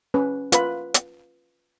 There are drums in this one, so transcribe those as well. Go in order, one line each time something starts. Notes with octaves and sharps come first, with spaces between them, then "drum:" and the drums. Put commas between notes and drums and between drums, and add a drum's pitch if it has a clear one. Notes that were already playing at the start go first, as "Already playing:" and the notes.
C#4 B4
F4 B4 B5, drum: hi-hat
drum: hi-hat